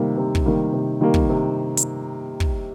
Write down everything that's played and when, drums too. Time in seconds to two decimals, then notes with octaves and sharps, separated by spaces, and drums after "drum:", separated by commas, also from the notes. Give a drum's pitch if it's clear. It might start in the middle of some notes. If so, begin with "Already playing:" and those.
Already playing: C3 D#3 G3 A#3
0.17 C3
0.35 drum: kick
0.46 D#3 G3 A#3
0.73 C3
1.01 D#3 G3 A#3
1.14 drum: kick
1.29 C3
1.77 drum: hi-hat
2.40 drum: kick